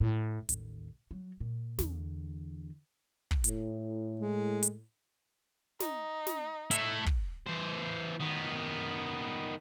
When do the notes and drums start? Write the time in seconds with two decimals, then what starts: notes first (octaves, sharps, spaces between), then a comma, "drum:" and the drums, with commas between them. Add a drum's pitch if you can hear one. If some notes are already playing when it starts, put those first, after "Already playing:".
0.01 A2
0.49 A1 D#2, drum: hi-hat
1.11 F#3
1.40 A#2
1.79 E2 D3, drum: snare
3.31 drum: kick
3.44 A2, drum: hi-hat
4.20 G#3
4.63 drum: hi-hat
5.80 D#4, drum: snare
6.27 drum: snare
6.71 A3 E4, drum: hi-hat
7.06 drum: kick
7.46 E3 C5
8.20 D#3 B3